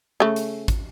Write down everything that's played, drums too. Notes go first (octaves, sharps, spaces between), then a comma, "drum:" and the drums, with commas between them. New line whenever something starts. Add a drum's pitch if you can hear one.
C#3 A3
drum: hi-hat
drum: kick, hi-hat